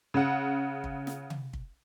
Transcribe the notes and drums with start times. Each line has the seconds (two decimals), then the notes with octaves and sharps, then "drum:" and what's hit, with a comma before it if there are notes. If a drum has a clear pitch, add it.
0.14 C#3 F#5
0.84 drum: kick
1.07 drum: snare
1.30 drum: tom C3
1.53 drum: kick